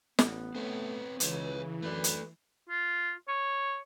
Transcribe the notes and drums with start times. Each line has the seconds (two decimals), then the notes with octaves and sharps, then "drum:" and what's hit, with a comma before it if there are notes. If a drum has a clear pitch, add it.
0.19 A1 B3, drum: snare
0.55 A3 C4 B4 C#5
1.20 C#2 C#3 E3 B4 C#5, drum: hi-hat
1.82 F#2 A3 B4 D5
2.04 drum: hi-hat
2.69 F4
3.28 C#5